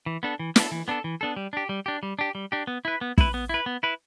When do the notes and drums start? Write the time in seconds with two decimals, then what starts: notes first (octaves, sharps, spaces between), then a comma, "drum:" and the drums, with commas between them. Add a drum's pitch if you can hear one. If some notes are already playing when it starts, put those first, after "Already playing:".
0.06 E3
0.23 B3 D4 A4
0.39 E3
0.56 B3 D4 A4, drum: snare
0.71 E3
0.88 B3 D4 A4
1.04 E3
1.21 B3 D4 A4
1.36 G3
1.53 D4 G4
1.69 G3
1.86 D4 G4
2.03 G3
2.19 D4 G4
2.35 G3
2.52 D4 G4
2.67 B3
2.85 E4 B4
3.01 B3
3.18 E4 B4, drum: kick
3.34 B3
3.49 E4 B4
3.66 B3
3.83 E4 B4